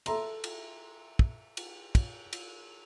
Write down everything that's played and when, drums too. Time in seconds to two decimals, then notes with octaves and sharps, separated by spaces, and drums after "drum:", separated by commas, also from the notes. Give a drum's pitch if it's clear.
0.06 A4 E5 A#5 C6, drum: cymbal
0.44 drum: cymbal
1.19 drum: kick
1.57 drum: cymbal
1.95 drum: kick, cymbal
2.33 drum: cymbal